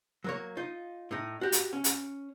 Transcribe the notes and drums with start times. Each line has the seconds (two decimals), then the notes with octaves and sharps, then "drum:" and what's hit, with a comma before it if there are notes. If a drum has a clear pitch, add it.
0.24 F#3 A#3 C#5
0.57 D#4 F4
1.11 A2 D#4
1.41 F#4 G4
1.52 drum: hi-hat
1.73 C#4
1.84 drum: hi-hat